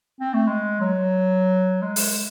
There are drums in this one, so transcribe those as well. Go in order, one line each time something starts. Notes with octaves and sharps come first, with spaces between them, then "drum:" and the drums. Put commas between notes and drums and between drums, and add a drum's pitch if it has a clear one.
C4
A3
G#3
F#3
G#3
drum: open hi-hat